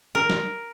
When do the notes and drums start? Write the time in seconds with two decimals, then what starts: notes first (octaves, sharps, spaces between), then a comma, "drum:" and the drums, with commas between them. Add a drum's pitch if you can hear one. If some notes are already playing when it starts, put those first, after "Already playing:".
0.15 A#4
0.30 drum: snare